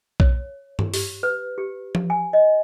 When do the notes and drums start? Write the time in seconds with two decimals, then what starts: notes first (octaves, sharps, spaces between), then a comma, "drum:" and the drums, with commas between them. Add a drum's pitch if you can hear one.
0.20 C#5, drum: kick B1
0.79 drum: tom G2
0.94 G4, drum: open hi-hat
1.23 B4
1.58 G4
1.95 drum: tom F3
2.10 G#5
2.33 D#5